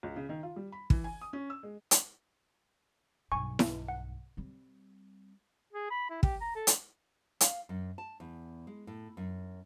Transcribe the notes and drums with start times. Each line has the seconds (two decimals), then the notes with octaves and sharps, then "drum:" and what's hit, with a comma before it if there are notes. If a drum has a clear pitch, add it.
0.03 C#2
0.16 C#3
0.29 D#3
0.43 F4
0.56 G3
0.72 B5
0.90 E3, drum: kick
1.04 G#5
1.21 D#6
1.33 C#4
1.50 E6
1.63 G#3
1.91 drum: hi-hat
3.32 B1 G2 G#5 C#6
3.59 drum: snare E4
3.88 F#5
4.37 G3 C4
5.73 G#4
5.91 B5
6.10 E4
6.23 G4, drum: kick
6.41 A#5
6.55 A4
6.67 drum: hi-hat
7.41 F5, drum: hi-hat
7.69 F#2
7.98 A5
8.20 E2
8.67 G#3
8.87 A2
9.17 F#2